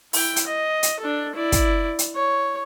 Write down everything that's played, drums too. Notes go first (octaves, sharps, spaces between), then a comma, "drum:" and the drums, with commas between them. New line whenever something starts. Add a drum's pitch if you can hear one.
E4 G5, drum: open hi-hat
drum: hi-hat
D#5
drum: hi-hat
D4 A4
E4 D5
drum: kick, hi-hat
drum: hi-hat
C#5